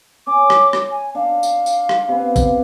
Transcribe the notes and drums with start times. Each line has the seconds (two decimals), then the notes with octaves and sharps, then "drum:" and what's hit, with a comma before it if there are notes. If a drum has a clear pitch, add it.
0.27 C#4 D6
0.50 drum: rim click
0.73 drum: rim click
0.91 G#5
1.15 D4 F5
1.43 drum: tambourine
1.66 drum: tambourine
1.89 drum: rim click
2.08 C3 B3
2.36 drum: kick, tambourine